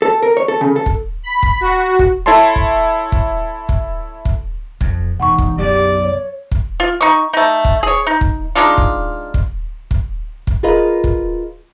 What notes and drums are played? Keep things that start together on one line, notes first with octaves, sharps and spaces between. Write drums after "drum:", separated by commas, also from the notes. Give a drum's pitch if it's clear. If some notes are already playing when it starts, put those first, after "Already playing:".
A4
A#4
C#5
A4
C#3
A4
drum: kick
B5
drum: kick
F#4
drum: kick
E4 A4 C#5 A5 C6
drum: kick
drum: kick
drum: kick
drum: kick
F2, drum: kick
E1 D#4 F#5 C#6
drum: kick
B1 F#2 C#3 G4 D5
C#5
drum: kick
F4
D#4 C#6
A3 D#4
drum: kick
G#4 C#5
D#4
drum: kick
G#3 D4 D#4 F4
drum: kick
drum: kick
drum: kick
drum: kick
F4 G#4 A#4 B4 D#5 F5
drum: kick